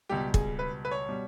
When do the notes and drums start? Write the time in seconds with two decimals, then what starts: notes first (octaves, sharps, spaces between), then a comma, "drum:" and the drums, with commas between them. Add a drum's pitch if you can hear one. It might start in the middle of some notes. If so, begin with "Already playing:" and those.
0.09 C#2 B2 G3 G4
0.34 G#4, drum: kick
0.59 B4
0.85 B4
0.91 C#5
1.09 B2 G3